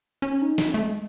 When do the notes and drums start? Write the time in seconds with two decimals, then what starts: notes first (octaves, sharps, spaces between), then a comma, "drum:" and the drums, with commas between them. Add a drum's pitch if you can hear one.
0.22 C#4
0.42 D#4
0.58 drum: snare
0.74 A3
0.81 G#3